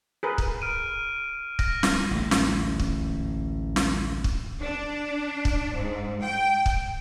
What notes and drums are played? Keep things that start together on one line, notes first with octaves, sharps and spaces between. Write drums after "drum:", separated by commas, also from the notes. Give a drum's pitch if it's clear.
G#4 A#4 B4
drum: kick
F6 D7 D#7
F6 A#6, drum: kick
drum: snare
A1 D2 G#2
drum: snare
drum: kick
drum: snare
drum: kick
D4
drum: kick
G#2
G5
drum: kick